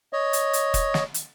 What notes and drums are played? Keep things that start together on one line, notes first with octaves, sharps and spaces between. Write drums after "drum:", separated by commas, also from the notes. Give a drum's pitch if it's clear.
C#5 D#5
drum: hi-hat
drum: hi-hat
drum: kick, hi-hat
drum: snare
drum: hi-hat